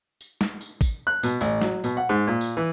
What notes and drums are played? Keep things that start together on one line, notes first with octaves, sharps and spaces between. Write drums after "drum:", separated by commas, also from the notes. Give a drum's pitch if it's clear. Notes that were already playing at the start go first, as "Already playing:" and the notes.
drum: tambourine
drum: snare
drum: tambourine
drum: kick G#1, tambourine
F#6
B2, drum: tambourine
A1, drum: tambourine
F#3, drum: snare
B2, drum: tambourine
F#5
G#2
A#2
drum: tambourine
E3